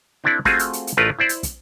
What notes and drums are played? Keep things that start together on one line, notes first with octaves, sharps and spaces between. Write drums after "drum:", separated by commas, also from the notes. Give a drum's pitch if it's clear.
C4 D4 E4 A4 D5
A3 C4 F4 F#4 G#4, drum: snare
drum: hi-hat
drum: hi-hat
drum: hi-hat
A1 A3 F4 A#4 B4
E4 C5 D5
drum: hi-hat
drum: kick, hi-hat